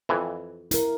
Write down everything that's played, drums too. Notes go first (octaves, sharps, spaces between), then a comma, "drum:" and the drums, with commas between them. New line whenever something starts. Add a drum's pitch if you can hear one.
F2 E3
E4 A#4, drum: hi-hat